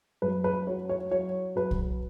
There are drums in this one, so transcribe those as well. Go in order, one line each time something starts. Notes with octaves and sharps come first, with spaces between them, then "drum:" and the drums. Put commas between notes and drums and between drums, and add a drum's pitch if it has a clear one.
F#2 B4
B4
F#3 C#5
C#5
F#3 C#5
F#3 B4
drum: kick